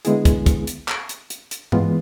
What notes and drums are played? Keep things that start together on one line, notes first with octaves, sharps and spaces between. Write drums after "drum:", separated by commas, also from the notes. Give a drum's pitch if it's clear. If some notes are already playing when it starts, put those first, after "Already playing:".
D3 G#3 B3 E4 G#4, drum: hi-hat
drum: kick, hi-hat
drum: kick, hi-hat
drum: hi-hat
drum: clap
drum: hi-hat
drum: hi-hat
drum: hi-hat
E3 G#3 B3 F4, drum: tom G2